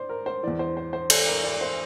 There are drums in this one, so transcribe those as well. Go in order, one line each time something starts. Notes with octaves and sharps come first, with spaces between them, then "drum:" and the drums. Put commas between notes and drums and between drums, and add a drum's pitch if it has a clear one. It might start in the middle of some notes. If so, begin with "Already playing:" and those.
Already playing: C5 D5
A#4
C5
E2 E3 D5
C5
C5
C5
A4, drum: cymbal
A#4
D5
C5